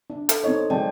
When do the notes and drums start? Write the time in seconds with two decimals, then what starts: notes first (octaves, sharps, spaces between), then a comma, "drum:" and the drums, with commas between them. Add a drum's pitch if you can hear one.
0.10 D4
0.29 A4, drum: hi-hat
0.44 C4 D#4 C#5 D#5
0.70 F#3 G#3 C4 D5 G5 A5